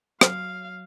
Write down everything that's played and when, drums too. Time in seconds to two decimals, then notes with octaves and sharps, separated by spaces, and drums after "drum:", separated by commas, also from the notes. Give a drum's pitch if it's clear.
0.21 F#3 F5, drum: rim click